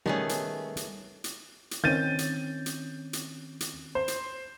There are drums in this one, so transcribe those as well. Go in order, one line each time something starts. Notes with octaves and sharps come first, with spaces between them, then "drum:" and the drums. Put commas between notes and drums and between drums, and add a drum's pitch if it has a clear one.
D#3 G3 A3 B3 C#4 G#4, drum: tom
drum: hi-hat
drum: hi-hat
drum: hi-hat
drum: hi-hat
D#3 C4 C#4 G6 A6 D#7
drum: hi-hat
drum: hi-hat
drum: hi-hat
drum: hi-hat
C5
drum: hi-hat